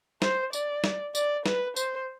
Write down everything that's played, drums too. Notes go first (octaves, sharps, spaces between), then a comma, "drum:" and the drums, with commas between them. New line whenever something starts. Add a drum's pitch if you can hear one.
C5, drum: snare
D5, drum: tambourine
drum: snare
D5, drum: tambourine
B4, drum: snare
C5, drum: tambourine